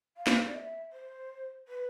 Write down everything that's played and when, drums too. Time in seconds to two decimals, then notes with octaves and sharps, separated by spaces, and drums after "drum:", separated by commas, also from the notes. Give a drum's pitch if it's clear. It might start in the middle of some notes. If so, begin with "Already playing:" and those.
0.17 F5
0.27 drum: snare
0.47 D5
0.55 E5
0.93 C5
1.68 B4